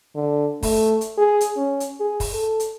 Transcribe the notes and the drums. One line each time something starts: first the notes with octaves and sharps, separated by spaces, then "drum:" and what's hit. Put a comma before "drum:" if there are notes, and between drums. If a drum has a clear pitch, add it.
D3
A3, drum: kick, open hi-hat
drum: hi-hat
G#4
drum: hi-hat
C#4
drum: hi-hat
G#4
drum: kick, open hi-hat
A4
drum: hi-hat